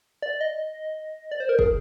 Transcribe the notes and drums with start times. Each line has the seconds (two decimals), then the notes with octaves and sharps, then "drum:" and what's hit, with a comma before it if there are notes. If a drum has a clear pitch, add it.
0.22 D5
0.41 D#5
1.32 D5
1.40 C5
1.49 A#4
1.59 G#4, drum: kick